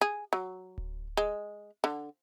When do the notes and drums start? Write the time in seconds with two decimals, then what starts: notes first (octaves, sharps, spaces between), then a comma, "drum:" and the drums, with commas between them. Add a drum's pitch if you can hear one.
0.01 G#4
0.33 F#3
0.78 drum: kick D1
1.17 G#3
1.84 D3